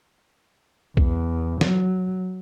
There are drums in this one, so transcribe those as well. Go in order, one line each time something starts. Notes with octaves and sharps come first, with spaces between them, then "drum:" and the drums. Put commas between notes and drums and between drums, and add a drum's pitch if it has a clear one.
E2, drum: kick B1
F#3, drum: snare